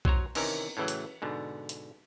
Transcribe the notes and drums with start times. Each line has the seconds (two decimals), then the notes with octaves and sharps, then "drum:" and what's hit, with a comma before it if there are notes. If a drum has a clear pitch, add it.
0.05 F#3 C5 C#5 A#5, drum: kick B1
0.35 C3 D#3 E3 C#4 A#4, drum: cymbal
0.77 A2 C#3 E3 F#3
0.88 drum: hi-hat
1.22 G#2 B2 D3
1.69 drum: hi-hat